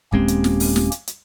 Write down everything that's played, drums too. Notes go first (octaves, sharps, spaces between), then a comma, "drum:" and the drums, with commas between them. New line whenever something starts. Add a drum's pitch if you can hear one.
D#1 G#3 A#3 C4 C#4 G4, drum: kick
drum: hi-hat
drum: snare
drum: open hi-hat
drum: snare
drum: hi-hat
drum: hi-hat